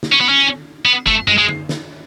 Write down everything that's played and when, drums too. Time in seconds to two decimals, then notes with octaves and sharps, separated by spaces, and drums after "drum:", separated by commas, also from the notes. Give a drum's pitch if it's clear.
0.03 drum: snare
0.12 C#4
0.21 B3
0.29 C#4
0.85 B3
1.07 A3, drum: kick
1.28 G#3, drum: tom
1.38 G#3
1.49 drum: tom
1.69 drum: snare